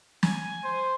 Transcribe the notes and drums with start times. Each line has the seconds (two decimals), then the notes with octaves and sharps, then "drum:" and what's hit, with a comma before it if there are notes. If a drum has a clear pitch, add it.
0.23 G#5, drum: snare
0.64 C5